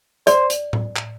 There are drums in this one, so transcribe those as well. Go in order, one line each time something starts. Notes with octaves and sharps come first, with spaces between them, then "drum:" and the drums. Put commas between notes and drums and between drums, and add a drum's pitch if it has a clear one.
C5 D5, drum: hi-hat
drum: hi-hat
drum: tom A2
drum: clap